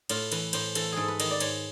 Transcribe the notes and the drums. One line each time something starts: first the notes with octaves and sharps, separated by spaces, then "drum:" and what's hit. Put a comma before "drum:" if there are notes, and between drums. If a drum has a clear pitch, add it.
A2 F4, drum: cymbal
E3 B4, drum: cymbal
A2 C5, drum: cymbal
E3 A4, drum: cymbal
G#2 G#4 A4
B4
D#3 D#5, drum: cymbal
D5
G#2 C#5, drum: cymbal